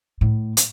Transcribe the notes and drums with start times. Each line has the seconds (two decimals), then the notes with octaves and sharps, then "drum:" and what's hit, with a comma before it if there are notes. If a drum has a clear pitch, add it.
0.21 A2
0.57 drum: hi-hat